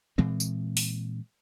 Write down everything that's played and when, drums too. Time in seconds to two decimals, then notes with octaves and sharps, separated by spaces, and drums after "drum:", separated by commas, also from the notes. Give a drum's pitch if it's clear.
0.18 A#2 E3 G#3 C4
0.40 drum: tambourine
0.77 drum: open hi-hat